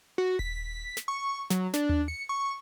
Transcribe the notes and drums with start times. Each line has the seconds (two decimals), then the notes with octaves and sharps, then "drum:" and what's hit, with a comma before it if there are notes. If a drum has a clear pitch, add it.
0.18 F#4
0.39 B6, drum: kick D#1
0.97 drum: snare
1.08 C#6
1.50 F#3, drum: snare
1.73 D4, drum: snare
1.89 drum: tom D#2
2.08 C#7
2.29 C#6